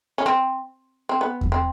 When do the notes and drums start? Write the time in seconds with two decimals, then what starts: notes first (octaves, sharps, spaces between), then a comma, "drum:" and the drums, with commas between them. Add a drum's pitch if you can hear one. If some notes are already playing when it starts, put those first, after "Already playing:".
0.18 C#4
0.26 C4
1.09 C4
1.21 B3
1.41 drum: kick E2
1.52 C4